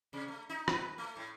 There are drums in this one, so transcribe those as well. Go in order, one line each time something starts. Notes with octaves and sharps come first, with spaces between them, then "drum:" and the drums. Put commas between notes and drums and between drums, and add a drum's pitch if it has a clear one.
C3
A3
D#4
B4, drum: rim click
A3
A2